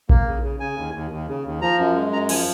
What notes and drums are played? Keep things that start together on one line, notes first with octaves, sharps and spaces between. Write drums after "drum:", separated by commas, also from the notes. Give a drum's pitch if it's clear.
A#3, drum: kick A#1
C#3
C#3
C#3 G#5
D#2
D#2
D#2
C#3
D#2
F3 A#5
F#2
G#3
F#2 A#5
F3 G#5, drum: cymbal